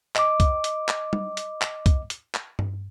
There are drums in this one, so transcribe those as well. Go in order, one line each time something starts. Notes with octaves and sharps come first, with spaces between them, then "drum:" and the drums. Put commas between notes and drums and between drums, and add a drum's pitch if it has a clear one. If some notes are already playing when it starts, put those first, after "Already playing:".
D#5 D6, drum: clap
drum: kick, hi-hat
drum: hi-hat
drum: clap
drum: tom
drum: hi-hat
drum: clap
drum: kick, hi-hat
drum: hi-hat
drum: clap
drum: tom G2